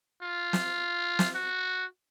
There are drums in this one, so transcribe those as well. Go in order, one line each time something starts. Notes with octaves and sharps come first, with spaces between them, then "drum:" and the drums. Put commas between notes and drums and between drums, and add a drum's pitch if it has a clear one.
F4
drum: snare
drum: snare
F#4